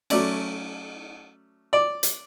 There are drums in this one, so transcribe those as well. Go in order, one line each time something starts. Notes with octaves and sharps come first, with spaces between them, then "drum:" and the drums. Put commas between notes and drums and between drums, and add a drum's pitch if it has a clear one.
F#3 A3 C#4 D5, drum: cymbal
D5
drum: hi-hat